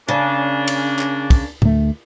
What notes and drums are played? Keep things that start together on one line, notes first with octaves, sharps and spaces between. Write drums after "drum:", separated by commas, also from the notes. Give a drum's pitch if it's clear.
C#3 A#3 C#4 D4
drum: cymbal
drum: clap
drum: kick, cymbal
D2 A3, drum: tom